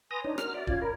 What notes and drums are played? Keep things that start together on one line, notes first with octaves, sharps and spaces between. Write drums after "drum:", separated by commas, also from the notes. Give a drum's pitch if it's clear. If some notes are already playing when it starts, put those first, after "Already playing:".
B4 G#5 A#5 C6 D#6
D4 D#4 C#5
F#4 A#4 F6, drum: rim click
F#4 D5 E5
C#4 F4 G#6, drum: kick D#1
A#4 B5